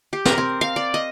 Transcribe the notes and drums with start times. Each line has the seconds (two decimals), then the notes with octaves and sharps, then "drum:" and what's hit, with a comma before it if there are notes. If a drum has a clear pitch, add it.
0.13 G4
0.25 A#4, drum: snare
0.38 C4
0.61 F5
0.76 D5
0.94 D#5